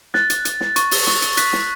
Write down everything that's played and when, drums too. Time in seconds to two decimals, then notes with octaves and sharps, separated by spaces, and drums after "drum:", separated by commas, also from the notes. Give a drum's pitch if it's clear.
0.14 F#6 A6, drum: snare
0.30 drum: hi-hat
0.45 F#6, drum: hi-hat
0.60 drum: snare
0.76 C#6 A6, drum: hi-hat
0.91 drum: open hi-hat
1.07 C#6, drum: snare
1.22 drum: hi-hat
1.37 F#6 B6, drum: hi-hat
1.53 drum: snare